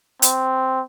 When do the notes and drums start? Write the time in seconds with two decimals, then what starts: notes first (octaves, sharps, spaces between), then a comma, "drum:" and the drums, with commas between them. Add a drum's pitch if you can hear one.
0.22 C4, drum: hi-hat